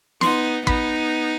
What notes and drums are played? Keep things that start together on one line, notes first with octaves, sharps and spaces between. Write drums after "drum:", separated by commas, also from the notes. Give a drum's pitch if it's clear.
B3 D#4 C6, drum: snare
B3 D#4 B5, drum: kick